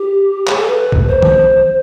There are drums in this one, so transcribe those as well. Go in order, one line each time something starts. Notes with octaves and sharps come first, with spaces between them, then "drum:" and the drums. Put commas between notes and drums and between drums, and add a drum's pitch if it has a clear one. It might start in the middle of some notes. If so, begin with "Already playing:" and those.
Already playing: G4
G#4, drum: clap
A4
B4
drum: kick B1
C5
drum: tom D#3